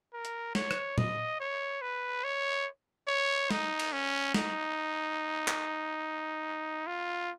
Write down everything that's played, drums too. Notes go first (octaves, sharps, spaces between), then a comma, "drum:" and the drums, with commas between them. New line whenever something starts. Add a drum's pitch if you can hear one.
A#4
drum: hi-hat
C#5, drum: snare
drum: rim click
D#5, drum: tom
C#5
B4
C#5
C#5
D#4, drum: snare
drum: cymbal
C#4
D#4, drum: snare
drum: clap
F4